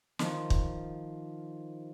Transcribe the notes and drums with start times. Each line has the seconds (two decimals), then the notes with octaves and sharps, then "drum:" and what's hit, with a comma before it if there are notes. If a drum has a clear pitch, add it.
0.19 D#3 F3, drum: snare
0.50 drum: kick